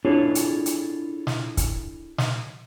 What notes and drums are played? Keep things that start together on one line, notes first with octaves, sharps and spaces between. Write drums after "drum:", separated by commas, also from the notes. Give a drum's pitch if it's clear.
D4 E4 F4 G#4 A4 C#5
drum: hi-hat
drum: hi-hat
drum: snare
drum: kick, hi-hat
drum: snare